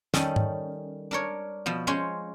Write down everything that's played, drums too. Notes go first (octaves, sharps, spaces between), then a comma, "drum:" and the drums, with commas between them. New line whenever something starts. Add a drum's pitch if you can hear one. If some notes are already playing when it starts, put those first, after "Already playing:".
D#3 G3 C#4 A4 D#5, drum: snare
drum: tom G#2
D4 A#4 C#5
B2 F3
G#3 C#4 C5 C#5